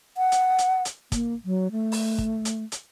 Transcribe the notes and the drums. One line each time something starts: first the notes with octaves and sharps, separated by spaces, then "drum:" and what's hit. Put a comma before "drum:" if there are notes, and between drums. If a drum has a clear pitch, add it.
F#5
drum: hi-hat
drum: hi-hat
drum: hi-hat
A#3, drum: kick, hi-hat
F#3
A3
drum: open hi-hat
drum: kick
drum: hi-hat
drum: hi-hat